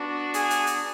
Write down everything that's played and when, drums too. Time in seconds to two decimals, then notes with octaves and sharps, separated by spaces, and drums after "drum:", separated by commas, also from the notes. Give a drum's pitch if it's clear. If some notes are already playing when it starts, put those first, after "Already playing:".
Already playing: B3 D4 F#4
0.34 G#4, drum: hi-hat
0.50 drum: hi-hat
0.67 drum: hi-hat